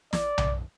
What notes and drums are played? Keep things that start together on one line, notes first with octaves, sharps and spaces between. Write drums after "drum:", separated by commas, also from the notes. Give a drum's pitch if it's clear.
D5, drum: snare
drum: tom B1